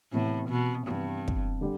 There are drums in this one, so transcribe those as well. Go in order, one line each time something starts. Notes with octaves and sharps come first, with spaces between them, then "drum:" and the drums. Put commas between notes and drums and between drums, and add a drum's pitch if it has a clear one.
A2 C3 E3 B3
B2
G2 C3 E3 B3
drum: kick
D3 G3